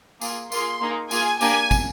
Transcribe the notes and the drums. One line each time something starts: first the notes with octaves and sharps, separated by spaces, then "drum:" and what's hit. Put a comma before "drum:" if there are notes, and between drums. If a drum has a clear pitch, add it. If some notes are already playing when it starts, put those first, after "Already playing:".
A#3 F4 G#4, drum: tambourine
A#3 F4 G#4 C6, drum: tambourine
A#3 D#4 G#4
A#3 F4 G#4 G#5, drum: tambourine
A#3 D4 G4 G#5, drum: tambourine
drum: kick, tambourine